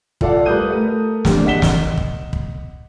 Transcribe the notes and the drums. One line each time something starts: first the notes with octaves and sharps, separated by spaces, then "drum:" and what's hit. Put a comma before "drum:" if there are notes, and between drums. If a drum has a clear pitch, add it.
F4 A4 D5 F5 F#5, drum: kick
G3 A#4 B4 D#6 G6 D#7
A3 A#4
G3 G#3 A#3 C4 D4 G4, drum: snare
D#5 F#5 B6 E7 G7
drum: snare
drum: kick
drum: kick